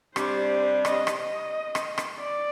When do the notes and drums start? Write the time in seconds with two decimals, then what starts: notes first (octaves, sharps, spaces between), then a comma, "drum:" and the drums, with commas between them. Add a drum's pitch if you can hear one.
0.16 C3 G3 D4 C5, drum: rim click
0.85 D#5, drum: rim click
1.07 drum: rim click
1.18 D#5
1.75 drum: rim click
1.98 drum: rim click
2.21 D5